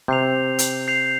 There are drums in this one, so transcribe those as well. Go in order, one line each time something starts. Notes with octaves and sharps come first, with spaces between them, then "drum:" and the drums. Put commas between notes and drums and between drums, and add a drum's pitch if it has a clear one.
C3 G6 C7 F7
drum: hi-hat
G6 C7 F7